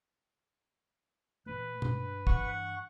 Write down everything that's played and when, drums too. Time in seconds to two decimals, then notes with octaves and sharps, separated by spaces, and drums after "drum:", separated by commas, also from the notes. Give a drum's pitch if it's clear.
1.46 A#2 E3 A3 B4
1.82 G2, drum: tom B2
2.27 G2 E3 F#5 C#6, drum: kick